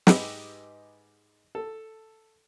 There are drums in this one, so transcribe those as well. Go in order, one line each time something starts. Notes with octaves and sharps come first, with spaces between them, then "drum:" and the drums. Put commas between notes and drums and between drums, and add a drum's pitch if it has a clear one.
G#2 G4 B4 D#5 B5 E6, drum: snare
A4